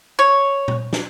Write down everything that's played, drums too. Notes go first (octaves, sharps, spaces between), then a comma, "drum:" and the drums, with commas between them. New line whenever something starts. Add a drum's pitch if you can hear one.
C#5
drum: tom A#2
drum: snare